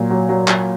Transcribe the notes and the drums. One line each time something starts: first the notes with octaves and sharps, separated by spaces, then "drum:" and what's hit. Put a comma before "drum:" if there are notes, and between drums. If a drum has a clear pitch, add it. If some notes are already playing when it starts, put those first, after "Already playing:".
Already playing: A#2 F#3
F#3
F#3
F#3, drum: clap